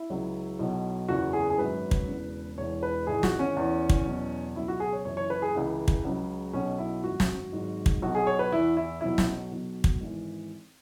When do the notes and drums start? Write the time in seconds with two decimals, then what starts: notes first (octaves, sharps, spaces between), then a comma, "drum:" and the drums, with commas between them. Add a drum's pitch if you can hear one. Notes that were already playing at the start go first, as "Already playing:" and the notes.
Already playing: E4
0.10 C#2 C#3 F#3
0.59 B1 B2 F#3
1.09 F#1 E2 C#3 E3 F#4
1.33 G#4
1.50 G#4
1.59 G#1 F#2 F#3 B4
1.91 drum: kick
2.08 E1 E2 C#3
2.57 E1 E2 E3 C#5
2.83 B4
3.07 G#1 G#2 E3 G#4
3.23 F#4, drum: snare
3.39 C#4
3.56 E2 E3
3.89 drum: kick
4.05 E2 B2 F#3
4.56 C#2 B2 F#3 E4
4.68 F#4
4.80 G#4
4.93 C#5
5.05 F#1 F#2 E3 C#5
5.17 C#5
5.30 B4
5.42 G#4
5.55 C#2 C#3 E3
5.88 drum: kick
6.05 C#2 C#3 F#3
6.53 B1 B2 F#3 C#4
6.78 E4
7.04 G#1 F#2 F#3 F#4
7.20 drum: snare
7.52 G#1 G#2 F#3
7.86 drum: kick
8.02 B1 B2 F#3 F#4
8.15 G#4
8.27 C#5
8.39 B4
8.52 E2 E3 E4
8.77 E4
9.01 B1 B2 F#3 E4
9.18 drum: snare
9.52 B1 B2 F#3
9.84 drum: kick
10.00 G#1 E3